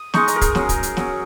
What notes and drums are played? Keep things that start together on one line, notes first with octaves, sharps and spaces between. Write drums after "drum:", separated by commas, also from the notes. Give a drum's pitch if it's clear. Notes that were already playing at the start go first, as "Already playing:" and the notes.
Already playing: D#6
G#3 D#4 C#6, drum: snare
A#5, drum: hi-hat
A#4
G#4, drum: kick, hi-hat
F#3 C#4, drum: snare
drum: kick, hi-hat
drum: hi-hat
F#3 C#4, drum: snare